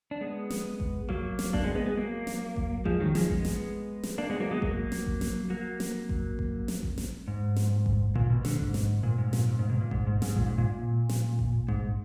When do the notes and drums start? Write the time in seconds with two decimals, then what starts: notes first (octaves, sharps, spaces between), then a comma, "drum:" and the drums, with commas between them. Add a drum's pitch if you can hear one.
0.11 D4
0.21 G#3 B3
0.50 drum: snare
0.80 drum: kick A1
1.09 F#3 A#3, drum: kick A1
1.39 drum: snare
1.53 A#3 D4, drum: kick A1
1.64 G#3 B3
1.75 G#3 B3
1.86 G#3 B3
1.97 F#3 A#3
2.27 drum: snare
2.56 drum: kick A1
2.85 F3 G#3, drum: kick A1
3.00 D#3 F#3
3.15 F3 G#3, drum: snare
3.30 G#3 B3, drum: kick A1
3.45 drum: snare
4.03 drum: snare
4.18 A#3 D4
4.30 G#3 B3
4.40 F#3 A#3
4.51 G#3 B3
4.62 F#3 A#3, drum: kick A1
4.92 drum: snare
5.06 drum: kick A1
5.21 drum: snare
5.50 F#3 A#3
5.80 drum: snare
6.09 drum: kick A1
6.39 drum: kick A1
6.68 drum: snare
6.83 drum: kick A1
6.98 drum: snare
7.28 G#2
7.56 drum: snare
7.86 drum: kick A1
8.15 A#2, drum: kick A1
8.30 B2
8.45 D3, drum: snare
8.59 G#2, drum: kick A1
8.74 drum: snare
9.03 A#2
9.18 G#2
9.33 A#2, drum: snare
9.48 G#2
9.59 G#2
9.70 B2
9.81 A#2
9.91 G#2, drum: kick A1
10.07 G#2
10.22 G#2, drum: snare
10.36 A#2, drum: kick A1
10.47 G#2
10.58 A#2
10.69 A#2
11.09 drum: snare
11.39 drum: kick A1
11.68 G#2, drum: kick A1